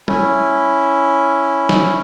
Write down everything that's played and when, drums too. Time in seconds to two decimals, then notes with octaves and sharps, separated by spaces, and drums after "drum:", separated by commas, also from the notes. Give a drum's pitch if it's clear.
0.08 C#4 E4, drum: tom G3
1.69 drum: snare